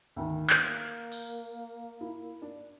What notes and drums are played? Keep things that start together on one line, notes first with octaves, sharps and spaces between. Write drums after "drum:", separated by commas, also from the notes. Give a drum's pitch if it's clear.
D2 D#3
A#3 F6, drum: clap
drum: open hi-hat
E4
D4